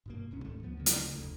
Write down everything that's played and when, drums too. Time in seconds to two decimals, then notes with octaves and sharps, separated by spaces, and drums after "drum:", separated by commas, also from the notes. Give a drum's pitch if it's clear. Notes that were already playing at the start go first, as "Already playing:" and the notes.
0.06 G2 B2 A#3
0.31 D#1 C2 C#4
0.44 D2 G#2 D#3 A3
0.62 D2 F3 B3
0.77 D2 C#3
0.86 drum: hi-hat
1.13 F1 D2